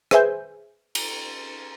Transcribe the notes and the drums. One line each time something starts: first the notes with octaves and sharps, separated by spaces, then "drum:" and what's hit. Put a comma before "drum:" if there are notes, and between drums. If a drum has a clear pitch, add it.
G#4 B4 C5 E5 G#5 G6, drum: rim click
drum: cymbal